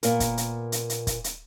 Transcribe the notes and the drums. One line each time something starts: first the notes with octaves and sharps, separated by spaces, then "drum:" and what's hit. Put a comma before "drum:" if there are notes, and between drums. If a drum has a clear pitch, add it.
A#2 B3 A#4, drum: hi-hat
drum: kick, hi-hat
drum: hi-hat
drum: hi-hat
drum: hi-hat
drum: kick, hi-hat
drum: hi-hat